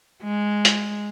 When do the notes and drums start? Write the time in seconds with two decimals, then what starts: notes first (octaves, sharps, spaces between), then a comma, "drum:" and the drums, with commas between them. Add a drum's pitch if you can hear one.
0.23 G#3
0.65 drum: hi-hat